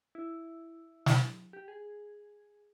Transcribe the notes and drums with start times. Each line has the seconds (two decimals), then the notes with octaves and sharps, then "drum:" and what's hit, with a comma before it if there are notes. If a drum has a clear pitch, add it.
0.15 E4
1.06 drum: snare
1.53 G4
1.68 G#4